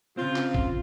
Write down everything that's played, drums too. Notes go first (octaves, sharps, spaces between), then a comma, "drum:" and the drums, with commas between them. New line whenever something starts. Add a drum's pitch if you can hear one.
C#3 C4 F4
drum: clap
drum: kick